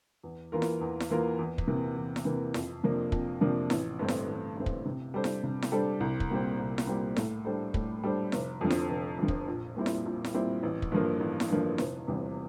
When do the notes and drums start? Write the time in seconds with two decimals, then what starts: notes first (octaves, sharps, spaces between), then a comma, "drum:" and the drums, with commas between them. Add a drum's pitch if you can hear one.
0.23 E2
0.52 E3 A#3 F4 A#4
0.62 drum: snare E4
0.81 E2
1.00 drum: snare E4
1.11 E3 A#3 F4 A#4
1.39 E2
1.58 drum: kick
1.68 C3 E3 A#3
1.96 E2
2.16 drum: snare E4
2.25 C3 E3 A#3
2.54 F2, drum: snare E4
2.83 C3 F3 A#3 D4
3.12 F2, drum: kick
3.41 C3 F3 A#3 D4
3.70 A1, drum: snare E4
3.99 G2 D3 A3 C4
4.08 drum: snare E4
4.28 A1
4.57 G2 D3 A3 C4
4.66 drum: kick
4.85 C3
5.14 G3 D4 A4 C5
5.24 drum: snare E4
5.44 C3
5.62 drum: snare E4
5.72 G3 D4 A4 C5
6.00 C2
6.20 drum: kick
6.30 A#2 G3 C4
6.59 C2
6.78 drum: snare E4
6.87 A#2 G3 C4
7.16 A2, drum: snare E4
7.45 G3 D4 A4 C5
7.74 A2, drum: kick
8.03 G3 D4 A4 C5
8.32 F1, drum: snare E4
8.61 F2 D3 F3
8.70 drum: snare E4
8.90 F1
9.19 F2 D3 F3
9.28 drum: kick
9.48 A#1
9.76 A#2 G3 C4 E4
9.86 drum: snare E4
10.06 A#1
10.24 drum: snare E4
10.34 A#2 G3 C4 E4
10.63 A1
10.82 drum: kick
10.92 G2 D3 F3 A#3
11.21 A1
11.40 drum: snare E4
11.50 G2 D3 F3 A#3
11.78 F1, drum: snare E4
12.08 E2 C3 G3